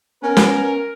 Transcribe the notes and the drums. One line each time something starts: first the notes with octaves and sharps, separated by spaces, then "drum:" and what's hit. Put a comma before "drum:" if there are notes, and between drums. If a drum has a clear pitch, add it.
B3 C#4 A#4
drum: snare